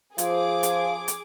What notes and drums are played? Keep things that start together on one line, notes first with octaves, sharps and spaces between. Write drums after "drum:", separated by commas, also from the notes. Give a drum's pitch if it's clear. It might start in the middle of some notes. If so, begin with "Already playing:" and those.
F3 G#4 C5 F5 D6, drum: hi-hat
drum: hi-hat
drum: hi-hat